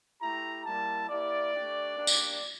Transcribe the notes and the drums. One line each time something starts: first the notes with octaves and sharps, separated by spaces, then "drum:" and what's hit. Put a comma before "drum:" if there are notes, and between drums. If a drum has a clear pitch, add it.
A3 E4 G4 A#5
G3 A#3 E4 A5
A#3 E4 G4 D5
A3 D4 G4
A#3 D4 G4
drum: tambourine